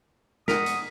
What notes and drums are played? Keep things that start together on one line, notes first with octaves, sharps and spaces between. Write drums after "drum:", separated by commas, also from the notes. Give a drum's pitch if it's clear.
G#3 A#4 F#5 D#6 B6 C#7, drum: snare
drum: hi-hat